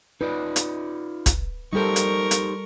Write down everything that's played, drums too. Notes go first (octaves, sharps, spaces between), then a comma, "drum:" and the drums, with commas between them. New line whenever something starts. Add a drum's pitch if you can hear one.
D#4 F4 B4 D5
drum: hi-hat
drum: kick, hi-hat
G3 D#4 G4 A4 A#4 C5 C#6
drum: hi-hat
drum: hi-hat